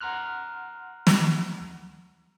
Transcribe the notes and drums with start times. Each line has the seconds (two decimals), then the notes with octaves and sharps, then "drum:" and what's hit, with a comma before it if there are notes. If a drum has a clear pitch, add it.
0.01 F#5 A#5 C6 F6 F#6
1.07 drum: snare